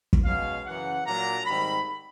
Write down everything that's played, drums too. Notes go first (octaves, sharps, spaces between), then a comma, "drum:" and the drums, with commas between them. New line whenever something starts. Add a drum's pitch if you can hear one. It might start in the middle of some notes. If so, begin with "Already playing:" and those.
drum: kick
B2 G#3 C#4 F5
F#2 C#3 E3 F#5
A#2 F#3 A#3 D4 A#5
G#2 D#3 G3 C4 B5